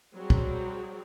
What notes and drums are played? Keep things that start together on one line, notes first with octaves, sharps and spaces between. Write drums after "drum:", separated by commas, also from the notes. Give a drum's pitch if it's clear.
F#3 G3 C4 G#4
drum: kick